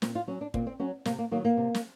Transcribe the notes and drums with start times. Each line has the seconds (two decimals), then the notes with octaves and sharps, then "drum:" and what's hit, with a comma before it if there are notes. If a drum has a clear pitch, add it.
0.02 A#2 C4, drum: snare
0.15 F4
0.28 F#3 C#4
0.41 D4
0.54 A#2 C4, drum: kick
0.67 C4
0.80 F#3 C#4
1.05 C3 A#3, drum: snare
1.19 A#3
1.31 D#3 F#3 A#3
1.45 A#3
1.57 C3
1.75 drum: snare